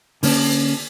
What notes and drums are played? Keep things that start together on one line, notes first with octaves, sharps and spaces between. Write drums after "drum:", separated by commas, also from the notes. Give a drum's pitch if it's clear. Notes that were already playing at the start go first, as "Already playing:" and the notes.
D3 A#3 C#4 D4, drum: open hi-hat